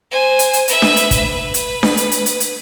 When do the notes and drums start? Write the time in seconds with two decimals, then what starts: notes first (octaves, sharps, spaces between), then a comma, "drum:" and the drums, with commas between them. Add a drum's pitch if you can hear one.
0.11 C5 G#5
0.39 drum: hi-hat
0.53 drum: hi-hat
0.68 B4 E5, drum: hi-hat
0.82 drum: snare D4
0.97 drum: hi-hat
1.11 drum: kick, hi-hat
1.32 B4
1.54 drum: hi-hat
1.83 drum: snare D4
1.97 drum: hi-hat
2.12 drum: hi-hat
2.26 drum: hi-hat
2.40 drum: hi-hat